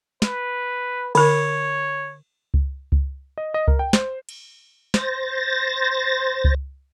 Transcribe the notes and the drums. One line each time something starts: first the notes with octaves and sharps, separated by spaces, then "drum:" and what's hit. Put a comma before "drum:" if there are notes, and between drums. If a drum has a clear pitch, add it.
B4, drum: snare
D3 A#4 C#5, drum: cymbal
drum: kick C#2
drum: kick C#2
D#5
D#5
A#4, drum: kick C#2
G5
C5, drum: snare
drum: cymbal
C5 A6 A#6, drum: snare
drum: kick C#2